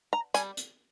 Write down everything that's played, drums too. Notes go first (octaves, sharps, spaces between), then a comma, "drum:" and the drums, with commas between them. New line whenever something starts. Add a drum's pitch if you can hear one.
A#5
G3 G#5, drum: hi-hat
drum: hi-hat